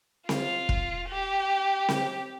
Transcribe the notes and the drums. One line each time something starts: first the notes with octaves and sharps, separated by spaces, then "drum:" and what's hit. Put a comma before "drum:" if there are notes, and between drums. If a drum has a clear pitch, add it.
F4, drum: snare C4
drum: kick F1
G4
drum: snare C4